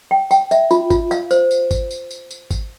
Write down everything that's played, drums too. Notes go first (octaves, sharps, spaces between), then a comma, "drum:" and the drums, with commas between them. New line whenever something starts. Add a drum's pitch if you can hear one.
G5
G5, drum: tambourine
E5, drum: tambourine
F4, drum: tambourine
F4, drum: kick G#1, tambourine
F5, drum: tambourine
C5, drum: tambourine
drum: tambourine
drum: kick G#1, tambourine
drum: tambourine
drum: tambourine
drum: tambourine
drum: kick G#1, tambourine